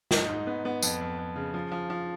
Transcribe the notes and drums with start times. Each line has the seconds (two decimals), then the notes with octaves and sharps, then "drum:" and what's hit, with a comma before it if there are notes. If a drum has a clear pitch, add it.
0.11 D#4, drum: snare
0.29 G#2
0.47 B3
0.65 B3
0.83 F2, drum: tambourine
1.01 F2
1.18 F2
1.36 C#3
1.54 F3
1.72 F3
1.90 F3